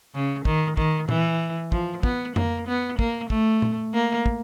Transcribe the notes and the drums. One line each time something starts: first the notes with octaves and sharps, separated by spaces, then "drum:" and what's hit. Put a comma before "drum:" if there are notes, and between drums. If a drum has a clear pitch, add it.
C#3
D#3, drum: kick
D#3, drum: kick
E3, drum: tom A#2
F3, drum: kick
B3, drum: kick
A#3, drum: tom F2
B3
A#3, drum: kick
A3, drum: kick
drum: tom A#2
A#3
drum: kick